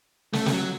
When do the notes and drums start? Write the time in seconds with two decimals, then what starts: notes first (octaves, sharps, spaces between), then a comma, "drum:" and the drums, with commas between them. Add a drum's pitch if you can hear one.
0.33 A3, drum: snare
0.46 G3, drum: snare
0.52 F#3